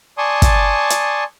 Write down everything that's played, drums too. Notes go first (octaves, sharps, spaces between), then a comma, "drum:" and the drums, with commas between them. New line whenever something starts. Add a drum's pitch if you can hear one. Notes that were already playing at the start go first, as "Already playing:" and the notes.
D5 G#5 A5 C6 C#6 D#6
drum: kick, hi-hat
drum: hi-hat